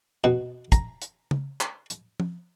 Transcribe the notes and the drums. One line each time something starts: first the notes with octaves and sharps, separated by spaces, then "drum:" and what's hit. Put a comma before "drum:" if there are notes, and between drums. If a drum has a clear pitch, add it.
B2
A#5, drum: kick, hi-hat
drum: hi-hat
drum: tom
drum: clap
drum: hi-hat
drum: tom